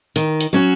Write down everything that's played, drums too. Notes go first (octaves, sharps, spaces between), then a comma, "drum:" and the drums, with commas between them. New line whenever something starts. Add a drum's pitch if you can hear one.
D#3, drum: hi-hat
drum: hi-hat
F#3 C#4 F#4